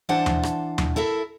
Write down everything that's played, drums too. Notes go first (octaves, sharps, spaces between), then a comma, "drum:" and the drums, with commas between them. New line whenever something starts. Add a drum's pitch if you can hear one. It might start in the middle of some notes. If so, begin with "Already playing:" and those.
E3 D4 C5 F#5 A5
drum: tom D#2
drum: rim click
drum: tom D#2
E4 A4 A#4 E5